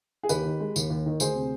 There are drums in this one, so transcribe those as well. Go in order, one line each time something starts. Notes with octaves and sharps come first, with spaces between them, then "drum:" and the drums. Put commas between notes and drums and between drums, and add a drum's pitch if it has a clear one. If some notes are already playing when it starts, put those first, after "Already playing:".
G#4
D#2 G4 B4, drum: tambourine
D#3
G#3
D#2, drum: tambourine
D#2
D#3
D2 G#4 C5, drum: tambourine
C3